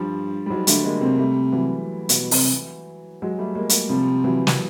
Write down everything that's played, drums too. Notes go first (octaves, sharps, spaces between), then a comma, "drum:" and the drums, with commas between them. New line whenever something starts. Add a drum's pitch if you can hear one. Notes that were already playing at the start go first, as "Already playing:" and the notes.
Already playing: G2 F3 G3
G3
G#2 F#3 G#3
D3 G3 A3, drum: hi-hat
D3 G#3 A#3
C3 A#3 C4
G3 A3
E3 F#3
B2, drum: hi-hat
C3, drum: open hi-hat
F#3 G#3
G3 A3
G#3 A#3
drum: hi-hat
C3 F3 G3
E3 F#3
drum: snare